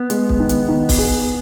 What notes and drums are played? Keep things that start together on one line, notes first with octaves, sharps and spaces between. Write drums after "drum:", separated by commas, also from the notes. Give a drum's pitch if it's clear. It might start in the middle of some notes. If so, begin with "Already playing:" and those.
Already playing: B3
G#3, drum: hi-hat
drum: kick
D#3
drum: hi-hat
D#3
drum: kick, open hi-hat
G#4